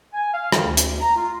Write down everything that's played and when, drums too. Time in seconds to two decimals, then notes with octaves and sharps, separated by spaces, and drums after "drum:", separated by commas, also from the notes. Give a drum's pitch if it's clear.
0.14 G#5
0.33 F5
0.52 D#3, drum: rim click
0.65 D2
0.77 drum: hi-hat
1.00 A#5
1.16 F4